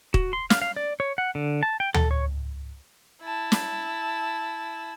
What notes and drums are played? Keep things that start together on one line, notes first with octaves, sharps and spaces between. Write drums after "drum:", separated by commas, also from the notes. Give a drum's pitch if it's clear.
F#4, drum: kick
C6
F5, drum: snare
F5
D5
C#5
F#5
D3
A5
G5
A4, drum: tom D2
C#5
E4 A5
drum: snare